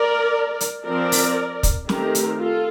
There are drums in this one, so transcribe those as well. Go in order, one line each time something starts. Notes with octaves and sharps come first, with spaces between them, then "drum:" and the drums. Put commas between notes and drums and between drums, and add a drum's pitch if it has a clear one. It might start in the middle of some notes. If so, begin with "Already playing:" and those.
Already playing: A#4 D5
drum: hi-hat
F3 C4 A#4 D5
drum: open hi-hat
drum: kick, hi-hat
D#3 A3 C4 G4 A#4, drum: snare
drum: hi-hat
F4 A4